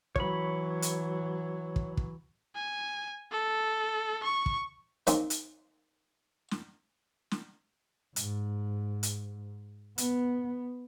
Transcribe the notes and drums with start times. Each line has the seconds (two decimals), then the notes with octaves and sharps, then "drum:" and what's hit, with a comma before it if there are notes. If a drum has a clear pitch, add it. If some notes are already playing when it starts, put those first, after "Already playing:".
0.16 E3 F#3 C#5 B5, drum: kick
0.82 drum: hi-hat
1.76 drum: kick
1.97 drum: kick
2.55 G#5
3.31 A4
4.23 C#6
4.46 drum: kick
5.07 D#3 G#3 A#3 C4 C#4, drum: hi-hat
5.30 drum: hi-hat
6.51 drum: snare
7.31 drum: snare
8.16 G#2, drum: hi-hat
9.03 drum: hi-hat
9.98 B3, drum: hi-hat